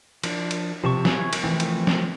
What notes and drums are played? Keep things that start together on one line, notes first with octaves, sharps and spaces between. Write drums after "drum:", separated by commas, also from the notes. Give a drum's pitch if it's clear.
F3 D4, drum: cymbal
drum: cymbal
C3 F3 A5 C#6
E4 C#5 G#5, drum: snare
drum: cymbal
E3 F3 A3 C4
drum: cymbal
drum: snare